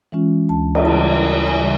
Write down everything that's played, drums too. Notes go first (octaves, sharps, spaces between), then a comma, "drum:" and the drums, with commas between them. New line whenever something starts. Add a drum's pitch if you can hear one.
E3 G#3 C#4 F4
D2 A5
drum: cymbal
C#3 E3 G3 A5
D2
G#5
C#3 E3 G3